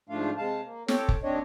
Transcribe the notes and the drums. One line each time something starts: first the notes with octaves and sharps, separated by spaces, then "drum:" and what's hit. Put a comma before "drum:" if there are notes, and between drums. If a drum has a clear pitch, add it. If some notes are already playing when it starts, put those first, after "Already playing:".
G#2 F3 A3 D4 F4 F5
C3 G#3 F5 A5
A#3
C4 G4 A4 C#5 G5, drum: snare
drum: kick F#1
D#2 C4 D4 C#5 D#5